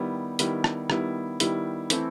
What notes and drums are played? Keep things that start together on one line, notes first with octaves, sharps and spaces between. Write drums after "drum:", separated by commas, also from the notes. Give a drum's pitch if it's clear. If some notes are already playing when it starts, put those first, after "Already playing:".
Already playing: D#3 G3 B3 E4
D#3 G3 B3 E4, drum: hi-hat
drum: rim click
D#3 G3 B3 E4, drum: rim click
D#3 G3 B3 E4, drum: hi-hat
E3 A3 C4 E4 A4, drum: hi-hat